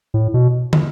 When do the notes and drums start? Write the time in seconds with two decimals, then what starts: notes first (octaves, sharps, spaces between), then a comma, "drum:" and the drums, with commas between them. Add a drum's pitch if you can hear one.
0.14 A2
0.34 B2
0.73 drum: tom